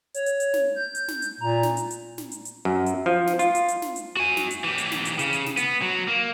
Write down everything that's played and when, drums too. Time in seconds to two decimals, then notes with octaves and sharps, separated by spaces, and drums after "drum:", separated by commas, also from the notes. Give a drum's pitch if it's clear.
0.14 C#5, drum: hi-hat
0.26 drum: hi-hat
0.40 drum: hi-hat
0.54 drum: snare
0.75 G6
0.95 drum: hi-hat
1.08 drum: snare
1.22 drum: hi-hat
1.41 A#2 A#5
1.63 drum: snare
1.77 drum: hi-hat
1.90 drum: hi-hat
2.18 drum: snare
2.32 drum: hi-hat
2.45 drum: hi-hat
2.65 F#2
2.86 drum: hi-hat
3.06 F3
3.27 drum: snare
3.39 F4, drum: hi-hat
3.55 drum: hi-hat
3.68 drum: hi-hat
3.82 drum: snare
3.96 drum: hi-hat
4.17 F#4 G#5
4.37 drum: snare
4.51 drum: hi-hat
4.64 E3 G4
4.78 drum: hi-hat
4.92 drum: snare
5.05 drum: hi-hat
5.19 C#3, drum: hi-hat
5.33 drum: hi-hat
5.46 drum: snare
5.57 B3, drum: hi-hat
5.82 F#3
6.08 A#3